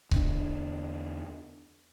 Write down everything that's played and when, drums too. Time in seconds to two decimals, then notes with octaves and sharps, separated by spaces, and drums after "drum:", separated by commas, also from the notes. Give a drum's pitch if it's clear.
0.11 E2 D3 A#3 D4, drum: kick C#1